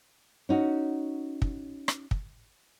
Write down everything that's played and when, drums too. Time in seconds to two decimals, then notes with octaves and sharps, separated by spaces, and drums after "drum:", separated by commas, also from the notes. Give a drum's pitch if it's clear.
0.49 C#4 D#4 F#4
1.42 drum: kick
1.88 drum: rim click
2.11 drum: kick